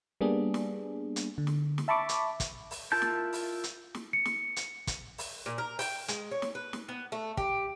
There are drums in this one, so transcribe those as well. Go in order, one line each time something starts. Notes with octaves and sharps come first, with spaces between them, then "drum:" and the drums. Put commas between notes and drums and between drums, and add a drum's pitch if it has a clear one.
G3 A#3 B3 D4 G#4
drum: snare
drum: hi-hat
D3
drum: snare
drum: snare
E5 A5 B5 C#6 D6
drum: hi-hat
drum: kick, hi-hat
drum: open hi-hat
E4 F4 A#4 A5 G6
drum: snare
drum: open hi-hat
drum: hi-hat
drum: snare
C#7
drum: snare
drum: hi-hat
drum: kick, hi-hat
drum: open hi-hat
A#2
A#4
G5, drum: open hi-hat
G#3, drum: hi-hat
C#5
drum: snare
B4
drum: snare
B3
A3
G4, drum: kick